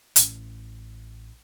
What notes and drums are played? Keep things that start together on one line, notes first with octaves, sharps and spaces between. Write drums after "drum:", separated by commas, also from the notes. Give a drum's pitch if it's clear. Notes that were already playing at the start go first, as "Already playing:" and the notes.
A1, drum: hi-hat